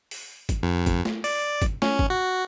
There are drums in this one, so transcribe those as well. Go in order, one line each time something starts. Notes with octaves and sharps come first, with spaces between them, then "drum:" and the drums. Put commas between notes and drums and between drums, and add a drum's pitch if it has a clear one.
drum: open hi-hat
drum: kick, hi-hat
F2
drum: kick, hi-hat
drum: snare
D5, drum: open hi-hat
drum: kick, hi-hat
C#4, drum: snare
drum: kick
F#4